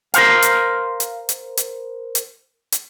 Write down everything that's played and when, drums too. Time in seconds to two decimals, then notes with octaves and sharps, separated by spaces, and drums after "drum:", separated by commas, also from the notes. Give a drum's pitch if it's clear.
0.14 A#4 C5 F5, drum: hi-hat
0.42 drum: hi-hat
1.00 drum: hi-hat
1.29 drum: hi-hat
1.57 drum: hi-hat
2.15 drum: hi-hat
2.72 drum: hi-hat